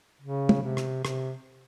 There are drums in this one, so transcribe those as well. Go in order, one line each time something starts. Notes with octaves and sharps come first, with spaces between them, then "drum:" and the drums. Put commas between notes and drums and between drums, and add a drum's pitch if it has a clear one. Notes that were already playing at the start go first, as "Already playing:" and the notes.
C#3
drum: tom
C3
drum: rim click
C3, drum: rim click